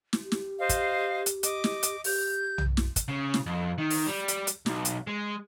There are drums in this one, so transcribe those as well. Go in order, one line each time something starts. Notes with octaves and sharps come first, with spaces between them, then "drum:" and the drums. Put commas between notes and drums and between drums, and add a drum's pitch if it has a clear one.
drum: snare
G4
drum: snare
C5 D#5 F5
drum: kick, hi-hat
drum: hi-hat
D#5 D6, drum: hi-hat
drum: snare
drum: hi-hat
G4 G6, drum: open hi-hat
drum: tom B1
drum: snare
drum: kick, hi-hat
C#3
drum: snare
F2
D#3
drum: open hi-hat
G3
drum: hi-hat
drum: hi-hat
B1, drum: snare
drum: hi-hat
G#3